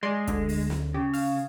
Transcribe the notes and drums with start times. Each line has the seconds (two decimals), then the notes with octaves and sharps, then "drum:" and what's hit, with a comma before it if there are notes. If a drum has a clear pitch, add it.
0.03 G#3 D5 G#5 C6
0.27 D2 D3, drum: kick, hi-hat
0.49 drum: open hi-hat
0.70 drum: snare
0.94 C#3 G4
1.14 F5, drum: open hi-hat